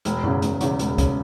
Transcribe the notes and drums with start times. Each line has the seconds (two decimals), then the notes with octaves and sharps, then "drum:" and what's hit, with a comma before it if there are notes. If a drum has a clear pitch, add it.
0.05 E1, drum: hi-hat
0.24 E2 C#3, drum: tom F#2
0.42 E1, drum: hi-hat
0.61 E2 C#3, drum: hi-hat
0.79 E1, drum: hi-hat
0.98 C#3, drum: kick, hi-hat